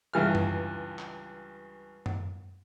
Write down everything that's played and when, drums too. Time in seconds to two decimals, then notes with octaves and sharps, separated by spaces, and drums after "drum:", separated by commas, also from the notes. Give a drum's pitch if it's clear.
0.13 C#2 G2 E3 F6
0.35 drum: tom F#2
0.99 drum: clap
2.06 drum: tom F#2